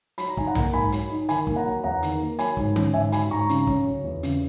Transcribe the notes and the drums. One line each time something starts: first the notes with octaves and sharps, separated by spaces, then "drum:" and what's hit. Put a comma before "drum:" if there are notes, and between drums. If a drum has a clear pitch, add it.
F#3 B5, drum: hi-hat
A#5
D#4 G#5, drum: kick
F#5 A#5
A#3, drum: tom B1
G#2 G#5 B5
F#3, drum: hi-hat
D#4
D#3 G#5 B5, drum: hi-hat
A#3, drum: kick
F#5 A#5
F#3
E2 F#5 A#5
D#3, drum: hi-hat
A#3
F#3 G#5 B5, drum: hi-hat
G#2, drum: kick
C#4, drum: tom D3
G#2 E5 G#5
F#3 G#5 B5, drum: hi-hat
G#2 A#5 C#6
C#3, drum: hi-hat
C#4, drum: kick
F#3
E2
C#3, drum: hi-hat